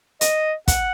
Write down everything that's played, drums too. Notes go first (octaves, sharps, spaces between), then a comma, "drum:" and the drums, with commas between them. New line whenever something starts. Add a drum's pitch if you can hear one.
D#5, drum: hi-hat
F#5, drum: kick, hi-hat